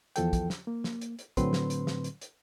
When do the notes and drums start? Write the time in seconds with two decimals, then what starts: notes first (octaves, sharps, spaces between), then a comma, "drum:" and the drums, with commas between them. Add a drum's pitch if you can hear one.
0.16 E2 F3 A4 G5, drum: hi-hat
0.33 drum: kick, hi-hat
0.50 drum: snare
0.67 A#3
0.84 drum: snare
1.01 drum: hi-hat
1.19 drum: hi-hat
1.37 A2 D3 F#3 C4 B4 C6, drum: kick, hi-hat
1.53 drum: snare
1.70 drum: hi-hat
1.87 drum: snare
2.04 drum: hi-hat
2.21 drum: hi-hat